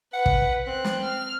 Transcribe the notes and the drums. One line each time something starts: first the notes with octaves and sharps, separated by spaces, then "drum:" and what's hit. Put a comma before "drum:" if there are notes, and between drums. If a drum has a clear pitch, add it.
B4 F#5
drum: kick
C4 F#6
drum: snare
F6